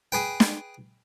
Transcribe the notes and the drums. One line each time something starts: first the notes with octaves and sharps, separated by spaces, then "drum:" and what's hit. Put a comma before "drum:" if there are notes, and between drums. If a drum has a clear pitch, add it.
G#4 B4 G5
drum: snare